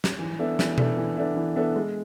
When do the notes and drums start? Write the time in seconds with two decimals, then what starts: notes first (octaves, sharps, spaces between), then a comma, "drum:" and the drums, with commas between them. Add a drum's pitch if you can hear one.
0.04 drum: snare
0.19 E3
0.39 B3 D4 A4 E5
0.59 E3, drum: snare
0.78 B3 D4 A4 E5, drum: tom B2
0.97 E3
1.17 B3 D4 A4 E5
1.36 E3
1.56 B3 D4 A4 E5
1.76 G#3